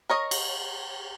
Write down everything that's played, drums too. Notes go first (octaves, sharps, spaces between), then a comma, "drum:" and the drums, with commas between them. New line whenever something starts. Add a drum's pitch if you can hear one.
A#4 C#5 D#5
drum: cymbal